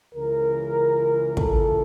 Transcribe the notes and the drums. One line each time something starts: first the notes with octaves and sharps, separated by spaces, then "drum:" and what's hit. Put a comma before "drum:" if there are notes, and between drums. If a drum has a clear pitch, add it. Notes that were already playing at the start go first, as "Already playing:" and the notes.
C#2 C#3 E3 A#4
A4, drum: kick